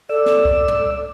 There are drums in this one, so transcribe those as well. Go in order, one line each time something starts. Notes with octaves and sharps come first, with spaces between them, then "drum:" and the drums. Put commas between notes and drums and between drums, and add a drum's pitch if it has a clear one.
A4 D5 E6
drum: snare
drum: kick C2
drum: tom